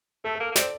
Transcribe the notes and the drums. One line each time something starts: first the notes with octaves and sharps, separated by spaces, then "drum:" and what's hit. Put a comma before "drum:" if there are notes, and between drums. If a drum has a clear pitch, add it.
A3 A4
A4
A#3
A#3
C4 D5, drum: snare